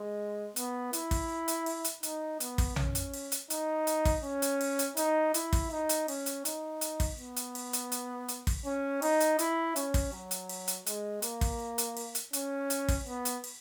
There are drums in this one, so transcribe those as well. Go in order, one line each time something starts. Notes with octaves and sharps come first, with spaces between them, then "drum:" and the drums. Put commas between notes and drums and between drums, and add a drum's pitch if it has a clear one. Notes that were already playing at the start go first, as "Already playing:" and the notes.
Already playing: G#3
B3, drum: hi-hat
E4, drum: hi-hat
drum: kick, open hi-hat
drum: hi-hat
drum: open hi-hat
drum: hi-hat
D#4, drum: hi-hat
B3, drum: hi-hat
drum: kick, open hi-hat
C#4, drum: tom A#1
drum: hi-hat
drum: open hi-hat
drum: hi-hat
D#4, drum: hi-hat
drum: hi-hat
drum: kick, open hi-hat
C#4
drum: hi-hat
drum: open hi-hat
drum: hi-hat
D#4, drum: hi-hat
E4, drum: hi-hat
drum: kick, open hi-hat
D#4
drum: hi-hat
C#4, drum: open hi-hat
drum: hi-hat
D#4, drum: hi-hat
drum: hi-hat
drum: kick, open hi-hat
B3
drum: hi-hat
drum: open hi-hat
drum: hi-hat
drum: hi-hat
drum: hi-hat
drum: kick, open hi-hat
C#4
D#4, drum: open hi-hat
drum: hi-hat
E4, drum: hi-hat
C#4, drum: hi-hat
drum: kick, open hi-hat
F#3
drum: hi-hat
drum: open hi-hat
drum: hi-hat
G#3, drum: hi-hat
A#3, drum: hi-hat
drum: kick, open hi-hat
drum: hi-hat
drum: open hi-hat
drum: hi-hat
C#4, drum: hi-hat
drum: hi-hat
drum: kick, open hi-hat
B3
drum: hi-hat
drum: open hi-hat